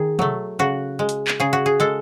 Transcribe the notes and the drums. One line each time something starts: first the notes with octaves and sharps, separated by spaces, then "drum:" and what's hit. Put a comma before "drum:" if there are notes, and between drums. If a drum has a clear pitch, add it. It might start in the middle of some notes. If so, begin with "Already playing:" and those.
Already playing: D#3 G#4
F#3 A3, drum: tom
C#3 F#4
G#3
drum: hi-hat
drum: clap
C#3 G#4
F#4
G#4
G#3 A4